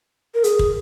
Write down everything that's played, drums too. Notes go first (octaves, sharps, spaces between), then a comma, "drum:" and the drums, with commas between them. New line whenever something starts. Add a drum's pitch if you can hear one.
A#4
G#4, drum: hi-hat
drum: kick